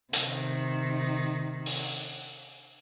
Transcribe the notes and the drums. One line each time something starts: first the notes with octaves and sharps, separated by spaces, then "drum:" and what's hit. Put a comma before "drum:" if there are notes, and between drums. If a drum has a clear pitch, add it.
C3 D#3, drum: hi-hat
drum: open hi-hat